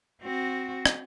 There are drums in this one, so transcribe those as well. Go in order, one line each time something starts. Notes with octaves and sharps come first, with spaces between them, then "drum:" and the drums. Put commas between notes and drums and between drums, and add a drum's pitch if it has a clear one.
C4 F#4
drum: rim click